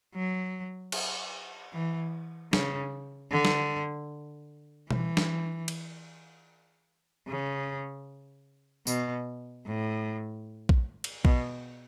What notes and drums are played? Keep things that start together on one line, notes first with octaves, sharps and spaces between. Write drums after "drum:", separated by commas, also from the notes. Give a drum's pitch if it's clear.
F#3
drum: cymbal
E3
C#3, drum: snare
D3
drum: snare
E3, drum: tom B2
drum: snare
drum: cymbal
C#3
B2, drum: tambourine
A2
drum: kick A#1
drum: cymbal
B2, drum: kick A#1